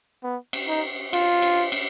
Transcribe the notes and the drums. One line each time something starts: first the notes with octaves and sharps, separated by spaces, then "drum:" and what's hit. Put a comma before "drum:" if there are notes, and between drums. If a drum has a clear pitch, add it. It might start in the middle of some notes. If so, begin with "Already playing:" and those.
B3
drum: cymbal
D#4
F4, drum: cymbal
drum: cymbal
drum: cymbal